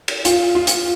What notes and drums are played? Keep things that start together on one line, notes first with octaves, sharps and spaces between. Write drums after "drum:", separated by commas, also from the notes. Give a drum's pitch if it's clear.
drum: cymbal
F4, drum: hi-hat
F4
drum: hi-hat